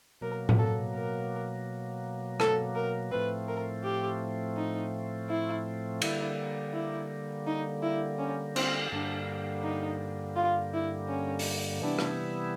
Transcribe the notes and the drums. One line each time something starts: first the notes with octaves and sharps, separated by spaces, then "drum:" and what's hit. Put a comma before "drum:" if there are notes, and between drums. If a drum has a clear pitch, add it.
B2 F#3 A#3 A#4
drum: tom A2
A4
A#4
A4, drum: rim click
A#4
A2 F3 A3 C4 B4
A#4
G4
D#4
E4
D3 G3 A#3 E4, drum: cymbal
E4
D#4
E4
C#4
C4, drum: cymbal
G2 D3 G3 A#3 D4
D#4
F4
E4
C#4
drum: open hi-hat
C3 E3 G3 B3 D4 E4
drum: rim click